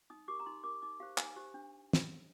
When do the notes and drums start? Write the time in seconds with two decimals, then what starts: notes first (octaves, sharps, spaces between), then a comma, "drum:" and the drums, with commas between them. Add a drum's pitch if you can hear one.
0.10 D#4 D#6
0.28 G4 A#4 D6
0.40 A#5
0.46 D#4 C6
0.64 G4 A#4 D6
0.82 D#4 D6
1.00 G4 C5 F5
1.18 D#4 G#5, drum: clap
1.36 G4 C5
1.54 D4
1.93 drum: snare